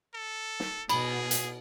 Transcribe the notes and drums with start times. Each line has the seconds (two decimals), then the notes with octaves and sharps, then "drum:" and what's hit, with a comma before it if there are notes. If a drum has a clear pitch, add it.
0.14 A4
0.60 drum: snare
0.89 B2 G#4 B5, drum: cymbal
1.31 drum: hi-hat